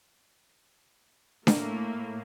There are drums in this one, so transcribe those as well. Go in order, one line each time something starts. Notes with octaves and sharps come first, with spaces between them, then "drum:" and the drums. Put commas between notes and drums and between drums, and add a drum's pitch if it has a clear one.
A2 A3 A#3, drum: snare D4